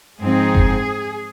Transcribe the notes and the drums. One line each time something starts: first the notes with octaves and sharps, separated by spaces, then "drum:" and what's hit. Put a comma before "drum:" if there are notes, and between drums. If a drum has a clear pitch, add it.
G#2 F3 C4 D#4 G#4
drum: kick F#1